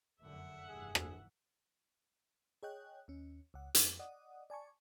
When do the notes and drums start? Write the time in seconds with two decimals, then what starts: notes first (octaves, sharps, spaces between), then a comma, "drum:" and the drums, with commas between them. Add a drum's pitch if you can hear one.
0.22 F1 F#2 D3 E5 F#5
0.69 F1 G2 E3 G#4
0.95 drum: rim click
2.63 G#4 C#5 D#5 G5 F#6
3.08 D#2 C#4
3.54 C#2 F#5
3.75 F2, drum: hi-hat
3.99 D5 D#5 F#5 D#6
4.50 D5 G#5 A5 C#6